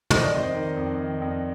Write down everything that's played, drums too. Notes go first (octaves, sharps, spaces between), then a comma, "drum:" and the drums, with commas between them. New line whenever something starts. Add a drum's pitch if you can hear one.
D#3 D#5, drum: tom
D5
F2 C5 D#5
D#3
F2
D#3
F2